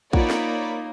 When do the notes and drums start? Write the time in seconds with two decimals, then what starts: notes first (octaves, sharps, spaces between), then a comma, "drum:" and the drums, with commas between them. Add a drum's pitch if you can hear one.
0.13 A#3 D#4 F4 C#5 D5 F#5 B5, drum: kick
0.30 drum: snare